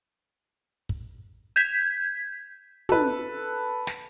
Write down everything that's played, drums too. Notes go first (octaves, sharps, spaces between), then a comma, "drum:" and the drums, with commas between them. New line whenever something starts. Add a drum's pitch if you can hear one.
drum: kick
G6 G#6 B6, drum: hi-hat
A4 B4, drum: tom
drum: snare